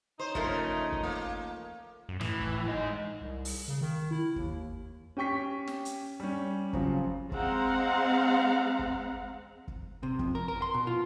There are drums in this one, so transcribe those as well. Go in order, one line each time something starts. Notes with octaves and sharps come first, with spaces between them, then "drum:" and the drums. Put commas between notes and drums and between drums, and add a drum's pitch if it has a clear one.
D#4 C5
C#3 F3 A3 A#4, drum: kick
drum: kick
A#3
F#2
A2 E3, drum: rim click
drum: kick
G#2 D#4
C2
drum: open hi-hat
C#3
D#3
E4
D#2, drum: kick
C#4 G4 G5 C#6 B6
drum: snare
drum: hi-hat
G3 C#4
C#3 F3 F#3, drum: kick
G#3 C4 F5 F#5 A#5, drum: kick
drum: kick
drum: kick
C3
F2, drum: kick
A#4
A#4
C6
B2
F4